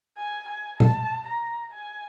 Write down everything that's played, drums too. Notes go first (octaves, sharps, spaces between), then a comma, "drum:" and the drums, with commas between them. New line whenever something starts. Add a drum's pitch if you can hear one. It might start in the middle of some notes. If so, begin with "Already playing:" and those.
G#5
G#5
A5, drum: tom A#2
A#5
G#5